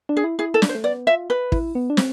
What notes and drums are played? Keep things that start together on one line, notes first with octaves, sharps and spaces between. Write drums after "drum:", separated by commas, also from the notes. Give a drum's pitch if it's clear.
D4
G#4
E4
E4 G#4
A4
D4, drum: snare
C5
A3
B3 D5
F4 E5
B4
E4, drum: kick
B3
D4
C4, drum: snare